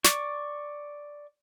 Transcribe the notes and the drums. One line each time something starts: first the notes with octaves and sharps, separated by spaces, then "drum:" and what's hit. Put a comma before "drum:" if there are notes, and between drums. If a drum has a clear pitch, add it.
D5 C#6, drum: snare